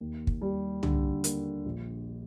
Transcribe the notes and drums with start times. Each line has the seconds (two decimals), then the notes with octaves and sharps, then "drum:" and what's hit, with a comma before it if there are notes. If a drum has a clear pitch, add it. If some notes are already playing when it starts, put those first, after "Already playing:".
0.01 D#2
0.27 drum: kick
0.41 G3
0.83 D3, drum: tom
1.24 A#3, drum: hi-hat
1.65 A#1